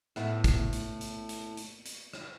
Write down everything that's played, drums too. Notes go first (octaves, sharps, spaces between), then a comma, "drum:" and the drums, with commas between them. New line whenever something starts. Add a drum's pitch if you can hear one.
A2 B3 E4, drum: rim click
drum: kick, hi-hat
drum: hi-hat
drum: hi-hat
drum: hi-hat
drum: hi-hat
drum: hi-hat
drum: rim click